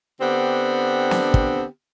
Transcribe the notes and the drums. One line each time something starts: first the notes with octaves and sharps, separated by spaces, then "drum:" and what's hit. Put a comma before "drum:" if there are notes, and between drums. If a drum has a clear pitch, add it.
D3 B3 C4 D4 G4
drum: snare
drum: kick